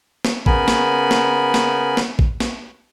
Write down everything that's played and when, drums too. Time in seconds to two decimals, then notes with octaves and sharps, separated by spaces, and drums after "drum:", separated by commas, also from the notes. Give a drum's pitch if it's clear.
0.25 drum: snare
0.46 C#3 B3 A#4 G#5 B5, drum: kick A1
0.68 drum: snare
1.11 drum: snare
1.54 drum: snare
1.97 drum: snare
2.19 drum: kick A1
2.40 drum: snare